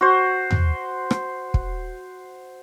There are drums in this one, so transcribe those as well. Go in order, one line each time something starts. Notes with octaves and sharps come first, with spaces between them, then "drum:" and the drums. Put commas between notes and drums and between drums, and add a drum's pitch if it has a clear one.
F#4 C5
drum: tom
drum: rim click
drum: kick